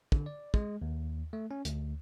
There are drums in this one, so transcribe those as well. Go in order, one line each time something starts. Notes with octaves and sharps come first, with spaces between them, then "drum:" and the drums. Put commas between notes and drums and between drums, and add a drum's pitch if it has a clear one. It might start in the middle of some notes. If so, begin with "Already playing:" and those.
D3, drum: kick
D5
G#3, drum: kick
D#2
A3
C#4
D2, drum: hi-hat